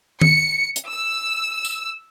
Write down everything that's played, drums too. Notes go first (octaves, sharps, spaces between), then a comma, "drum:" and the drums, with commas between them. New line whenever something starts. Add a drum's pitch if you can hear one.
C#7, drum: tom D#3
drum: hi-hat
E6
drum: tambourine